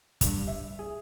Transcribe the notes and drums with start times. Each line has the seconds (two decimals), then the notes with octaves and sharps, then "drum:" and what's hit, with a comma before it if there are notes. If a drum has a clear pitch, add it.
0.21 G2, drum: kick, hi-hat
0.48 E5
0.79 G#4